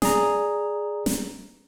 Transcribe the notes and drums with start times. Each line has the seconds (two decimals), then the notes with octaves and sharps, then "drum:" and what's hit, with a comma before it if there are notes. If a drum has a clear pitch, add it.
0.02 G#4 D5 A#5, drum: snare
1.06 drum: snare